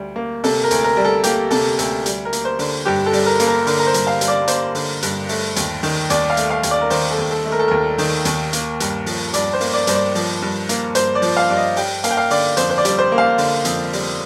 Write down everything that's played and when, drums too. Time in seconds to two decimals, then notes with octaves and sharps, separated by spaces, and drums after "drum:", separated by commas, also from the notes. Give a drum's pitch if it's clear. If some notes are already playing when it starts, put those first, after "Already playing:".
Already playing: D2 G3
0.16 A#3
0.44 C3 A4, drum: open hi-hat
0.64 A#4
0.71 D2, drum: hi-hat
0.84 A#4
0.97 G3
1.05 A4
1.24 A#3 G4, drum: hi-hat
1.51 C3 A4, drum: open hi-hat
1.79 D2 A4, drum: hi-hat
2.06 G3, drum: hi-hat
2.25 A#4
2.33 A#3, drum: hi-hat
2.45 C5
2.59 D3, drum: open hi-hat
2.85 G2 G4
3.06 A4
3.13 G3, drum: open hi-hat
3.26 A#4
3.40 A#3, drum: hi-hat
3.47 A#4
3.67 D3 A#4, drum: open hi-hat
3.79 A#4
3.87 C5
3.94 G2, drum: hi-hat
4.07 F5
4.21 G3, drum: hi-hat
4.28 D5
4.48 A#3 C5, drum: hi-hat
4.75 D3, drum: open hi-hat
5.03 G2, drum: hi-hat
5.29 A3, drum: open hi-hat
5.56 D#2, drum: hi-hat
5.83 D#3, drum: open hi-hat
6.10 D#2 D5, drum: hi-hat
6.30 F5
6.37 A3, drum: hi-hat
6.50 F5
6.63 D#2, drum: hi-hat
6.71 D5
6.81 A#4
6.90 D#3 C5, drum: open hi-hat
7.11 A4
7.18 D#2
7.31 A4
7.45 A3
7.52 A#4
7.59 A4
7.68 D#2 A#4
7.98 D#3, drum: open hi-hat
8.25 D#2, drum: hi-hat
8.53 A#3, drum: hi-hat
8.80 G2, drum: hi-hat
9.06 F3, drum: open hi-hat
9.34 G2 D5, drum: hi-hat
9.53 C5
9.60 A#3, drum: open hi-hat
9.74 D5
9.87 G2 C5, drum: hi-hat
9.95 D5
10.15 F3, drum: open hi-hat
10.42 G2
10.69 A#3, drum: hi-hat
10.95 G2 C5, drum: hi-hat
11.15 D5
11.22 F3, drum: open hi-hat
11.37 F5
11.50 G2 D5
11.56 D#5
11.76 G3 G5, drum: open hi-hat
12.04 A#3 F5, drum: hi-hat
12.11 G5
12.17 F5
12.30 D3 D5, drum: open hi-hat
12.57 F2 C5, drum: hi-hat
12.70 C5
12.78 D5
12.85 G3, drum: hi-hat
12.99 C5
13.12 A#3
13.18 F5
13.38 D3, drum: open hi-hat
13.65 F2, drum: hi-hat
13.93 G3, drum: open hi-hat